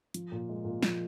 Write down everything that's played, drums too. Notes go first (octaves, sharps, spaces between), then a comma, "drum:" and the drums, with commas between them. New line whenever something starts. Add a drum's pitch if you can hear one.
F3, drum: hi-hat
A#2
G#3
A#2
F3, drum: snare